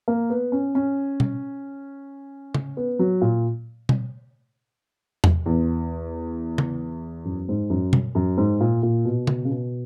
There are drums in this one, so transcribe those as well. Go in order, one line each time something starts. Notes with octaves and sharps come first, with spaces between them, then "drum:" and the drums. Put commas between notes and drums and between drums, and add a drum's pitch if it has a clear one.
A#3
B3
C#4
C#4
drum: tom B2
drum: tom C#3
B3
F#3
A#2
drum: tom B2
drum: tom E2
E2
drum: tom C#3
F#2
G#2
F#2
drum: tom B2
F#2
G#2
A#2
A#2
B2
drum: tom C#3
C#3
B2